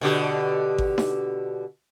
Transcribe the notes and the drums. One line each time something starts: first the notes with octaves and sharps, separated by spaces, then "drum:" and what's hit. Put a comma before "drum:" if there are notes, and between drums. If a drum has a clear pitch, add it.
B2 D3 G4
drum: kick G#1
drum: snare D#4